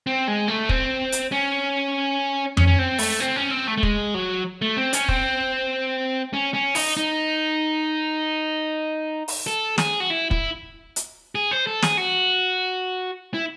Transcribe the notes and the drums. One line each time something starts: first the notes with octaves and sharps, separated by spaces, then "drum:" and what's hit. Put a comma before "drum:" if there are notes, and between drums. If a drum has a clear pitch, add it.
C4
G#3
A3
C4, drum: kick
drum: hi-hat
C#4
C#4, drum: tom F2
C#4
C4
A3, drum: open hi-hat
C4
C#4
C4
A3
A3
G#3, drum: kick
F#3
A3
C4
C#4, drum: hi-hat
C4, drum: kick
C#4
C#4
D#4, drum: open hi-hat
D#4
drum: open hi-hat
A4
G#4, drum: snare
F#4
E4
E4, drum: kick
drum: hi-hat
G#4
C5
A4
G#4, drum: snare
F#4
E4